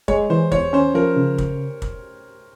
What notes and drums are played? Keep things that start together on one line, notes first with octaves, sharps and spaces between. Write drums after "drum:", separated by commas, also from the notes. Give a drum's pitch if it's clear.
G#3 C#5, drum: kick
E3 C5
E2 C#5, drum: kick
C#4 C5
F3 A#4
C#3
drum: kick
drum: kick